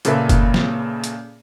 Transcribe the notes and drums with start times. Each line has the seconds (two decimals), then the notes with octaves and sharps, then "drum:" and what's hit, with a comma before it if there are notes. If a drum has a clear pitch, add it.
0.05 A#2 C#3 A#3 A4 B4 E5, drum: hi-hat
0.29 drum: kick, hi-hat
0.54 drum: snare
1.04 drum: hi-hat